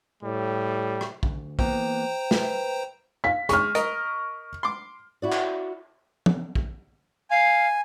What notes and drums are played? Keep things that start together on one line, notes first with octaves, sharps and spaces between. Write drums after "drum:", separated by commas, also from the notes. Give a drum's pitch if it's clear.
A2 G3
drum: rim click
D2, drum: kick
E3 A#3 B3 C5 G5 A#5, drum: kick
B4, drum: snare
F5 B6
G#3 C#6 F6, drum: hi-hat
A#4 D#5, drum: hi-hat
C6 D6
E4 F#4 D5
drum: clap
drum: tom
drum: kick
F5 G#5